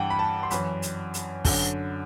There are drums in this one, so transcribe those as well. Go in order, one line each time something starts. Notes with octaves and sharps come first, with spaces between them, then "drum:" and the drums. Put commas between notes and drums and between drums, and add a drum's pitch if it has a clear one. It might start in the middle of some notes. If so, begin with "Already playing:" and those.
Already playing: G2 E3 F#5 G5
B5
A5
C6
F#2 E3 B5, drum: hi-hat
drum: hi-hat
drum: hi-hat
F#2 D3, drum: kick, open hi-hat